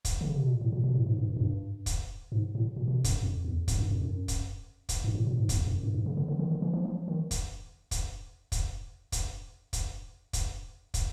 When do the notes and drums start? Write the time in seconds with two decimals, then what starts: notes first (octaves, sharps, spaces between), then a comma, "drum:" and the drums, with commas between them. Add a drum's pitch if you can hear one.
0.05 drum: kick, hi-hat
0.21 D3
0.28 C#3
0.36 C3
0.43 B2
0.50 A#2
0.61 A2
0.72 A#2
0.84 B2
0.95 A2
1.06 G#2
1.18 G2
1.30 F#2
1.36 G#2
1.40 G2
1.86 drum: kick, hi-hat
2.32 G#2
2.55 A2
2.76 A#2
2.88 B2
3.04 F2, drum: kick, hi-hat
3.11 F#2
3.23 F2
3.44 E2
3.68 F2, drum: kick, hi-hat
3.78 F#2
3.91 F2
4.01 F#2
4.28 drum: kick, hi-hat
4.89 drum: kick, hi-hat
5.04 G2
5.15 A2
5.27 A#2
5.38 G#2
5.49 E2, drum: kick, hi-hat
5.67 F2
5.71 F#2
5.83 G2
5.94 G2
6.06 C#3
6.17 D3
6.28 D3
6.39 D#3
6.51 D3
6.62 E3
6.73 F3
6.85 F3
7.08 D#3
7.31 drum: kick, hi-hat
7.91 drum: kick, hi-hat
8.52 drum: kick, hi-hat
9.12 drum: kick, hi-hat
9.73 drum: kick, hi-hat
10.33 drum: kick, hi-hat
10.94 drum: kick, hi-hat